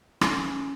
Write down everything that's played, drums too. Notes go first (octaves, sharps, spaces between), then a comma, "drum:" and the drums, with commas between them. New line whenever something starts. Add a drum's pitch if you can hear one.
C#4, drum: rim click